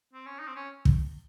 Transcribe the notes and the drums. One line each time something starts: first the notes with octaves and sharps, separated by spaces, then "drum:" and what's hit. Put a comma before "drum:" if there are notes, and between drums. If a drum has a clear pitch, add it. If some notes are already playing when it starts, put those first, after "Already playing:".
C4
C#4
D#4
C4
C#4
drum: kick